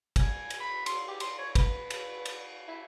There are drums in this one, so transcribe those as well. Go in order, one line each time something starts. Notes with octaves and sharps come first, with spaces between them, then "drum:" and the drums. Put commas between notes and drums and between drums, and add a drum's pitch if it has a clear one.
G#5, drum: kick, cymbal
drum: cymbal
B5
C6, drum: cymbal
G4
C6, drum: cymbal
C#5
B4, drum: kick, cymbal
drum: cymbal
drum: cymbal
E4